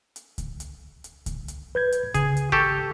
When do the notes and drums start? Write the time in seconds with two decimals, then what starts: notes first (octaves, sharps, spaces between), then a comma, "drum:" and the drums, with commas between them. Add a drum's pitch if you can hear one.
0.16 drum: hi-hat
0.38 drum: kick C#2, hi-hat
0.60 drum: hi-hat
1.04 drum: hi-hat
1.26 drum: kick C#2, hi-hat
1.48 drum: hi-hat
1.75 B4 G6 G#6
1.92 drum: hi-hat
2.14 C#3 G#4, drum: kick C#2, hi-hat
2.37 drum: hi-hat
2.52 G#1 G4 A4 C#6